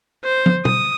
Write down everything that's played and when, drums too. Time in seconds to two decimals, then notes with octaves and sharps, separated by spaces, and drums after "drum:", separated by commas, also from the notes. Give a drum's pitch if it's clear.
0.24 C5
0.46 drum: tom
0.65 D#6, drum: tom B2